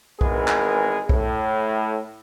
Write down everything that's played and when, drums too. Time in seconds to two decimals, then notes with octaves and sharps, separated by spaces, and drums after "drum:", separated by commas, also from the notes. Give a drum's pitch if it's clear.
0.21 G#1 E3 G#3 B3 G#4 A#4, drum: kick B1
0.48 drum: clap
1.09 A2, drum: kick B1